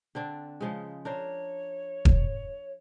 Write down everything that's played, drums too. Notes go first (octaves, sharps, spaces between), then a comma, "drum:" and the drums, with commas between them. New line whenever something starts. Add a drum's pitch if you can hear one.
D3 C4 D4
C#3 F3 G#3
D4 A#4 C5 C#5
drum: kick E1